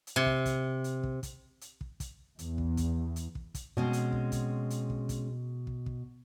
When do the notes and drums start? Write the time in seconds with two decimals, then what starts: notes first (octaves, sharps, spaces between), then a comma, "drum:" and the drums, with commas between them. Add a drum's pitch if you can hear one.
0.07 drum: hi-hat
0.16 C3
0.26 drum: kick
0.46 drum: kick, hi-hat
0.84 drum: hi-hat
1.03 drum: kick
1.23 drum: kick, hi-hat
1.61 drum: hi-hat
1.81 drum: kick
2.00 drum: kick, hi-hat
2.39 E2, drum: hi-hat
2.58 drum: kick
2.77 drum: kick, hi-hat
3.16 drum: hi-hat
3.35 drum: kick
3.55 drum: kick, hi-hat
3.77 B2 G#3 C4 C#4
3.93 drum: hi-hat
4.12 drum: kick
4.32 drum: kick, hi-hat
4.70 drum: hi-hat
4.90 drum: kick
5.09 drum: kick, hi-hat
5.67 drum: kick
5.86 drum: kick